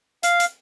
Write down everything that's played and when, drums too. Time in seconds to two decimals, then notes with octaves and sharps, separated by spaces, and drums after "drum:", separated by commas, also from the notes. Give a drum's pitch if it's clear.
0.23 F5, drum: hi-hat
0.40 drum: hi-hat